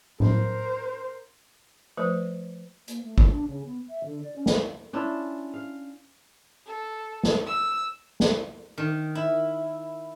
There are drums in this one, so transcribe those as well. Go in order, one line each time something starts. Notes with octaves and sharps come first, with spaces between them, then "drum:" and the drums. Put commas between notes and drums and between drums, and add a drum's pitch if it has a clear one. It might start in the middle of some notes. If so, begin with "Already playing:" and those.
A#4 C5, drum: tom
F3 A3 B4 C5
A#3, drum: hi-hat
A3
F4, drum: kick
D4
C#3
B3
E5
D3
D5
C#4
drum: snare
C#4 D4 E4 F4
F5
A4
drum: snare
E6
drum: snare
D#3
E4